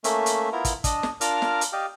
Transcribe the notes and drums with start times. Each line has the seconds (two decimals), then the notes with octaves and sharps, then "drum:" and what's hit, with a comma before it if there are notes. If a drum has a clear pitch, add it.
0.04 A3 A#3 C#4 E5, drum: hi-hat
0.26 drum: hi-hat
0.52 B3 E4 F4 A#4
0.65 drum: kick, hi-hat
0.84 D4 D#5, drum: kick, hi-hat
1.03 drum: snare
1.21 D4 F4 A#4 A#5 D6 F6, drum: hi-hat
1.42 drum: snare
1.61 drum: hi-hat
1.73 G4 D5 D#5 F5